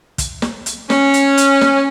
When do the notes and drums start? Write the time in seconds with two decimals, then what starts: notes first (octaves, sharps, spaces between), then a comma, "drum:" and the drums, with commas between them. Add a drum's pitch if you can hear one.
0.18 drum: kick, hi-hat
0.42 drum: snare
0.66 drum: hi-hat
0.90 C#4, drum: snare
1.14 drum: hi-hat
1.37 drum: hi-hat
1.61 drum: snare